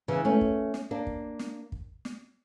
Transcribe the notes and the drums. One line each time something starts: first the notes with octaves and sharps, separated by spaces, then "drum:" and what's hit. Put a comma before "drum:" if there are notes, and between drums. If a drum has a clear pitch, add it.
C#3 E3
A3 C#4
drum: kick
drum: snare
A#3 D4
drum: kick
drum: snare
drum: kick
drum: snare